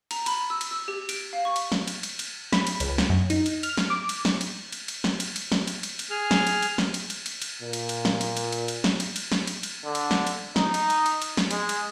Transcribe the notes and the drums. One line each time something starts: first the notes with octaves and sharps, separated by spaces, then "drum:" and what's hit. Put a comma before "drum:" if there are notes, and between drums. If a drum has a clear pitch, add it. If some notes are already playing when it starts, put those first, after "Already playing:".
A#5, drum: cymbal
B5, drum: cymbal
E6
drum: cymbal
E6
G4
D7, drum: cymbal
F5
C#6
drum: cymbal
drum: snare
drum: cymbal
drum: cymbal
drum: cymbal
B5, drum: snare
drum: cymbal
C#2, drum: cymbal
drum: snare
F#2
D#4, drum: cymbal
drum: cymbal
F6, drum: cymbal
drum: snare
D6
drum: cymbal
drum: snare
drum: cymbal
drum: cymbal
drum: cymbal
drum: snare
drum: cymbal
drum: cymbal
drum: snare
drum: cymbal
drum: cymbal
drum: cymbal
G#4 F6
drum: snare
drum: cymbal
drum: cymbal
drum: snare
drum: cymbal
drum: cymbal
drum: cymbal
drum: cymbal
A#2
drum: cymbal
drum: cymbal
drum: snare
drum: cymbal
drum: cymbal
drum: cymbal
drum: cymbal
drum: snare
drum: cymbal
drum: cymbal
drum: snare
drum: cymbal
drum: cymbal
D3
drum: cymbal
drum: snare
drum: cymbal
D#4, drum: snare
drum: cymbal
drum: cymbal
drum: cymbal
drum: cymbal
drum: snare
G#3, drum: cymbal
drum: cymbal